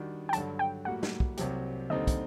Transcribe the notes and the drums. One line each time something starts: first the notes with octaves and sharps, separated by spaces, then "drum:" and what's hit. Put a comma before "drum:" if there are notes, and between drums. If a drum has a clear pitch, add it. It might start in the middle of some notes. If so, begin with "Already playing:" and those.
Already playing: D#3 G3 D4 F#4
G5
G2 D3 F#3 A5, drum: hi-hat
G5
A2 G3 A#3 F#4 F#5
drum: snare
drum: kick
C2 C3 F#3 C4 G4, drum: hi-hat
D#2 D3 G3 C4 D#4 D#5
drum: kick, hi-hat